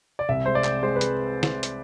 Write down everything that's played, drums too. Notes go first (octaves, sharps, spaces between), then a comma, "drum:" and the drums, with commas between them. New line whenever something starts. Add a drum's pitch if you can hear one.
D5
C2 E5
G#3 C5
D5
C4, drum: clap
G#3 C5
B4
G#3, drum: hi-hat
drum: snare
drum: hi-hat